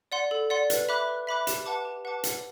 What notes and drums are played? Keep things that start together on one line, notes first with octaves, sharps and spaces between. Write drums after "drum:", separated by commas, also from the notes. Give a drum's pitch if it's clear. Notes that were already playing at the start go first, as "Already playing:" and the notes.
D5 F#5 C6
A4
D5 F#5 C6
B4, drum: hi-hat
E5 B5 D6 F#6
B4
E5 B5 D6 F#6
G4, drum: hi-hat
B4 F#5 A5 D6
G4
B4 F#5 A5 D6
F#5, drum: hi-hat